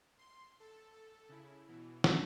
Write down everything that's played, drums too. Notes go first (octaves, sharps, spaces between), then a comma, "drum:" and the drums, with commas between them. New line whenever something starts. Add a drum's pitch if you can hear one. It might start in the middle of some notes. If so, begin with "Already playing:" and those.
C6
A4
A4
C#3 E4
B2 E3
drum: snare